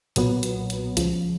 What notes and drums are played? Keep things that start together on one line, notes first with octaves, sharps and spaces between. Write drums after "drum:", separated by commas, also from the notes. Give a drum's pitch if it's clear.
B1 A#2 F#3 B3, drum: hi-hat
drum: hi-hat
drum: hi-hat
C#2 C#3 F3, drum: hi-hat